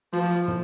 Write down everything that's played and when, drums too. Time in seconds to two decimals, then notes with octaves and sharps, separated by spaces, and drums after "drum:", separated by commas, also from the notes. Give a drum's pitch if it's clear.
0.13 F3, drum: hi-hat
0.31 drum: hi-hat
0.48 drum: tom